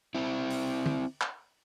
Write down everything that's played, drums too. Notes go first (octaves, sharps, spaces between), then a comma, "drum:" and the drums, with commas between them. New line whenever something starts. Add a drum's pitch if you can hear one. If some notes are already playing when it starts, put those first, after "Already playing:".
C4 E4
drum: open hi-hat
drum: tom
drum: clap